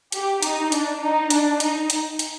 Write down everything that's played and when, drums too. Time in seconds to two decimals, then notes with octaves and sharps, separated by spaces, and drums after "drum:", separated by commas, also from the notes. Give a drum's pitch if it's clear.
0.12 G4, drum: hi-hat
0.43 D#4, drum: hi-hat
0.72 D4, drum: hi-hat
1.01 D#4
1.30 D4, drum: hi-hat
1.60 D#4, drum: hi-hat
1.90 drum: hi-hat
2.19 drum: hi-hat